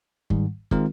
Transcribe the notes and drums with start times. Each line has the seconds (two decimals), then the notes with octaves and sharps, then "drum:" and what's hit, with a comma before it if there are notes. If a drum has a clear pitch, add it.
0.30 G#2 D#3 G3, drum: kick
0.71 D#3 G#3 C4 F4 A#4, drum: kick